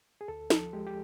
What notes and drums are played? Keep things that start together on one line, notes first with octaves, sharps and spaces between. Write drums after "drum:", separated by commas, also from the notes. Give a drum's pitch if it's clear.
G#4
D2 A4
F3 A4, drum: snare
G#3 G4
G4